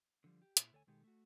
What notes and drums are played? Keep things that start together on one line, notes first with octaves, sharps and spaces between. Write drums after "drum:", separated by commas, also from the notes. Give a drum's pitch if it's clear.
D3 F3 G3
G4
A#2 E4, drum: hi-hat
D2 A4 C#5 G#5
B2 D#3 G#3 G4 A4
A3 F#4